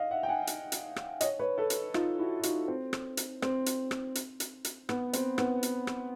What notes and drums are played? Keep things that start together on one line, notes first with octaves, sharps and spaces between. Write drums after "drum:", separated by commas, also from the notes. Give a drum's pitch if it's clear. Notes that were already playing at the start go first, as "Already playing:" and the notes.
Already playing: D#5 F5
E5 F#5
G5
F#5 G#5
drum: hi-hat
drum: hi-hat
drum: rim click
C#5 D#5, drum: hi-hat
B4 C#5
A4 B4
drum: hi-hat
D#4 F4, drum: rim click
E4 F#4
F#4
D#4 F4, drum: hi-hat
C4
drum: rim click
drum: hi-hat
C4, drum: rim click
drum: hi-hat
drum: rim click
drum: hi-hat
drum: hi-hat
drum: hi-hat
B3, drum: rim click
C4, drum: hi-hat
B3, drum: rim click
drum: hi-hat
drum: rim click